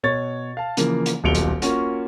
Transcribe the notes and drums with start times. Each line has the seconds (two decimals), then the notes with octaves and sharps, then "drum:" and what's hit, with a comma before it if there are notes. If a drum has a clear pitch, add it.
0.03 B2 C#5 A6
0.57 F5 A5
0.77 C#3 E3 F3 A#3, drum: hi-hat
1.06 drum: hi-hat
1.24 D#1 B1 C#7 D7 F7 G7
1.35 drum: hi-hat
1.62 A#3 C#4 F4 F#4, drum: hi-hat